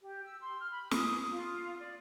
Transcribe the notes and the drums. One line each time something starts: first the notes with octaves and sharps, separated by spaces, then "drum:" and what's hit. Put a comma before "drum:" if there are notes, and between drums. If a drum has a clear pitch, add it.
G4
E6
C6
F6
B5
D#6, drum: snare
F4
D5